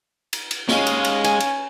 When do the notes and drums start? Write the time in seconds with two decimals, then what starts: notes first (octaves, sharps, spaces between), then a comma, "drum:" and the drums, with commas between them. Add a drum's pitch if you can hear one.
0.33 drum: cymbal
0.51 drum: cymbal
0.69 D#2 G#3 C#4 F5, drum: snare
0.87 drum: cymbal
1.05 drum: cymbal
1.24 G#5, drum: cymbal
1.40 drum: cymbal